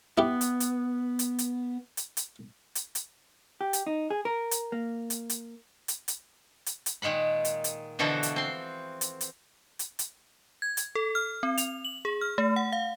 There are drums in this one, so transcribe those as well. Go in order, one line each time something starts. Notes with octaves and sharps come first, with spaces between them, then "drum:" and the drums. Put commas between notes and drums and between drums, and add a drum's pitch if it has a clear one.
B3 E4 G4
drum: hi-hat
drum: hi-hat
drum: hi-hat
drum: hi-hat
drum: hi-hat
drum: hi-hat
drum: hi-hat
drum: hi-hat
G4
drum: hi-hat
D#4
G#4
A#4
drum: hi-hat
A#3
drum: hi-hat
drum: hi-hat
drum: hi-hat
drum: hi-hat
drum: hi-hat
drum: hi-hat
A#2 D#3 G#3 F#5 B5
drum: hi-hat
drum: hi-hat
B2 D3 E3 F3 F#4 A4
drum: hi-hat
C4 C6
drum: hi-hat
drum: hi-hat
drum: hi-hat
drum: hi-hat
G#6
drum: hi-hat
A4
F6
C4
F7, drum: hi-hat
F#7
G#4
F6
A3
F#5
F5